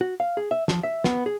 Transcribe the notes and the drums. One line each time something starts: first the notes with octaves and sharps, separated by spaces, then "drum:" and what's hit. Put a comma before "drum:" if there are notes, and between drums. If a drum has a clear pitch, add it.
F#4
F5
G#4
E5
F3, drum: snare
E5
B3, drum: snare
G#4